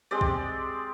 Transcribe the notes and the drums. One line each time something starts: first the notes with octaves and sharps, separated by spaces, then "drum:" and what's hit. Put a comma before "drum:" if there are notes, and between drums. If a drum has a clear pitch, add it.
G#3 C4 G4 D5
drum: kick B1